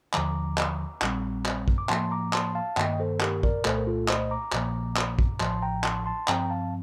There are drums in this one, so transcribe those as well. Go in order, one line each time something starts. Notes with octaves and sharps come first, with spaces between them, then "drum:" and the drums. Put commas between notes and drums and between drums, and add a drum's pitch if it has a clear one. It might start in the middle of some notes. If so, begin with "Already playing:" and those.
D#2 D3 F3 A#5 D6, drum: clap
drum: clap
A#1 A#2 G3 C4, drum: clap
drum: clap
drum: kick
D6
A2 F3 A#3 A5 C6, drum: clap
A#5 D6
A5 C6, drum: clap
F5 A5
G2 D#3 A#3 D#5 G5, drum: clap
A4 C5
G4 A#4, drum: clap
A#4 D5, drum: kick
C2 A#2 A3 A4 C5, drum: clap
A#4
F4 A4
C5 D#5, drum: clap
A#5 D6
A#1 A#2 F3 A#3, drum: clap
drum: clap
drum: kick
A1 A2 F3 A5 C6, drum: clap
G5 A#5
A5 C6, drum: clap
A5 C6
G2 F3 C4 G5 A#5, drum: clap
F5 A5